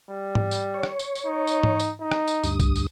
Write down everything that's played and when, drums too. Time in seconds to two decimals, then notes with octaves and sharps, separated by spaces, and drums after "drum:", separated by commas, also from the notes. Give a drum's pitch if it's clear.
0.11 G3
0.35 drum: tom G#2
0.51 drum: tambourine
0.74 C#5
0.83 drum: rim click
0.99 drum: tambourine
1.15 drum: tambourine
1.26 D#4
1.47 drum: tambourine
1.63 drum: tom G#2
1.79 drum: tambourine
2.00 D#4
2.11 drum: rim click
2.27 drum: tambourine
2.44 D2 G2 D#6, drum: tambourine
2.60 drum: kick B1, tambourine
2.76 drum: tambourine